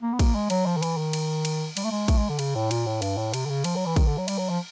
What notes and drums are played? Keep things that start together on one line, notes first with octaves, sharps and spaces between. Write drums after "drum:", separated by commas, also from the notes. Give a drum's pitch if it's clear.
A#3
B3
A#3, drum: kick, cymbal
G#3
F#3, drum: cymbal
F3
D#3
E3, drum: cymbal
D#3
drum: cymbal
drum: cymbal
G3, drum: cymbal
A3
G#3
A3, drum: kick, cymbal
G#3
D3
C#3, drum: cymbal
A2
A#2, drum: cymbal
A2
G2, drum: cymbal
A2
C3, drum: cymbal
D3
C#3
F3, drum: cymbal
F#3
E3
D#3, drum: kick, cymbal
D3
F#3
G3, drum: cymbal
F#3
F3